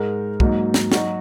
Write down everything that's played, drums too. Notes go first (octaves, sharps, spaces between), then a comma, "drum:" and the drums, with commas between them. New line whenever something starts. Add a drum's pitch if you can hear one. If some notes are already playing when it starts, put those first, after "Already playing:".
Already playing: G#2 G#3 D#4 A#4
G#2 F#3 A#3 D#4, drum: kick
drum: snare
F#3 D#4 F#4, drum: snare